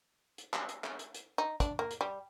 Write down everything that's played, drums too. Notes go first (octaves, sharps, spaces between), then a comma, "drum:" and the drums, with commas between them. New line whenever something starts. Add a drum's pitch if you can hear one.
drum: hi-hat
drum: clap
drum: hi-hat
drum: clap
drum: hi-hat
drum: hi-hat
D#4
D4, drum: kick, hi-hat
A#3
drum: hi-hat
G3